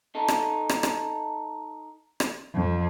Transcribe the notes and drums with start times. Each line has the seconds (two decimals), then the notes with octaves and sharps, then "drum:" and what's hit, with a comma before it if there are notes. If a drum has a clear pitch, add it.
0.15 D#4 A4
0.28 drum: rim click
0.69 drum: rim click
0.83 drum: rim click
2.20 drum: rim click
2.55 F2